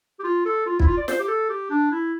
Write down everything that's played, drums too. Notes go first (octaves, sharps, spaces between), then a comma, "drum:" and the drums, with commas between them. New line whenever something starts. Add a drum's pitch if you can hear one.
G4
F4
A4
F4
E4, drum: kick
F4
D5
C5, drum: snare
G4
A4
G4
D4
E4